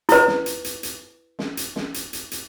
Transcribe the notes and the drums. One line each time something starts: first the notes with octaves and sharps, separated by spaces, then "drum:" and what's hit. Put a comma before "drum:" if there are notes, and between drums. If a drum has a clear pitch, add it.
E4 B4, drum: hi-hat
drum: snare
drum: hi-hat
drum: hi-hat
drum: hi-hat
drum: snare
drum: hi-hat
drum: snare
drum: hi-hat
drum: hi-hat
drum: hi-hat